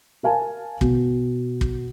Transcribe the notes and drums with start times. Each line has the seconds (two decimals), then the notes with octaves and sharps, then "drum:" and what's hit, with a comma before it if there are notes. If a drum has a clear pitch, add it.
0.23 A#4 F5 G#5 A5
0.81 B2, drum: kick
1.61 drum: kick